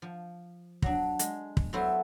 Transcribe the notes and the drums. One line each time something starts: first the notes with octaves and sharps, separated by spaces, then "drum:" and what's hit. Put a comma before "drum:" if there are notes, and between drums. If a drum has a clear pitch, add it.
F3
F#3 D4, drum: kick
G#3, drum: hi-hat
drum: kick
F#3 A3 B3 E4 C5